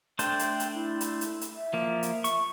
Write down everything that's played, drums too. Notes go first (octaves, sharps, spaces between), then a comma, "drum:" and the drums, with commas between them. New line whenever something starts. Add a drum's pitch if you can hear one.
A3 D4 C5 G5, drum: hi-hat
drum: hi-hat
drum: hi-hat
E4
drum: hi-hat
drum: hi-hat
drum: hi-hat
E5
F3 A#3
drum: hi-hat
C#6, drum: hi-hat